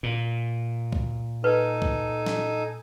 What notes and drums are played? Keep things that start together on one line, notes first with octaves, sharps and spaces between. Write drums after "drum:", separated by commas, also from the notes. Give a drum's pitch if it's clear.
A#2
drum: kick
D#4 A4 B4 G#5
drum: kick
drum: snare